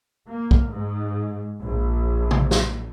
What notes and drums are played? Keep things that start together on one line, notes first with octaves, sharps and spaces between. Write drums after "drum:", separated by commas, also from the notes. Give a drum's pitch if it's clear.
A#3
drum: kick B1
G#2
A#1
drum: tom C3
drum: snare